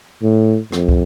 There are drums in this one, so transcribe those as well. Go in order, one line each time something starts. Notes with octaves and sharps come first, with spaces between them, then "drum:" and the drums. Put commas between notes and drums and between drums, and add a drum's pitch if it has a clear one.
A2
F2, drum: rim click
drum: kick